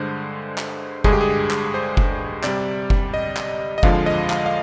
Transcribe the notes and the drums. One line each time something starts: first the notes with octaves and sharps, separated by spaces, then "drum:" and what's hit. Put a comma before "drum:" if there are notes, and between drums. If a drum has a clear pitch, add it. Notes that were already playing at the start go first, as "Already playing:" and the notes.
Already playing: G2 D3 G#3 C5
drum: clap
G2 D3 G#3 G#4, drum: kick F#1
G4
G#4
drum: clap
C5
drum: kick F#1
C3 G3 D5, drum: clap
drum: kick F#1
D#5
drum: clap
D#5
F2 D3 F3 G#3 F5, drum: kick F#1
D#5
F5, drum: clap
F5